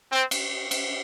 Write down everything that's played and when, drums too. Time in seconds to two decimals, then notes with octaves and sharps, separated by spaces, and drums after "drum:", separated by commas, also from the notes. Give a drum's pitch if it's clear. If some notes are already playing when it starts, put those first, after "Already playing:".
0.11 C4
0.31 drum: cymbal
0.71 drum: cymbal